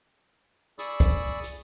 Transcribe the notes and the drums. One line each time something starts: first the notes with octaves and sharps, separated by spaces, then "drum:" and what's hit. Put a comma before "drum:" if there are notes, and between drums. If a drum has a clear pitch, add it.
G#4 D5 B5 C#6 D#6 E6, drum: hi-hat
drum: kick, hi-hat
drum: hi-hat